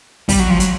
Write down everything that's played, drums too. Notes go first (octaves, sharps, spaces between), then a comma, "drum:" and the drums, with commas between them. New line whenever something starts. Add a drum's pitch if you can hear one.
G3, drum: kick, open hi-hat
F#3
F3
F#3, drum: hi-hat